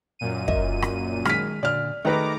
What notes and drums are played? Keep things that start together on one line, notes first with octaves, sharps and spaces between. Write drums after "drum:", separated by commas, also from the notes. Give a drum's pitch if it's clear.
F#2 A#2 D#7
D#5 E5, drum: kick
drum: rim click
D#3 G#3 F6 B6, drum: rim click
A#2 D3 D5 F6
D#3 A3 G#4 B4 A#5 D6